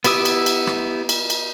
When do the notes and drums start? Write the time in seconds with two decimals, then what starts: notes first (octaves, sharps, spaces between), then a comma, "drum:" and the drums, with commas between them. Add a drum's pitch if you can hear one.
0.04 B3 E4 G4 D#6 E6, drum: cymbal
0.25 drum: cymbal
0.46 drum: cymbal
0.67 drum: rim click
1.09 drum: cymbal
1.30 drum: cymbal